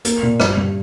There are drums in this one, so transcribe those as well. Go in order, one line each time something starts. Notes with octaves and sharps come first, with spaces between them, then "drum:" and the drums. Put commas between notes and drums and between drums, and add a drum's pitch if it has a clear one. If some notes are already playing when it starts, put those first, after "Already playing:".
A#3, drum: hi-hat
A#2
G2, drum: rim click
G2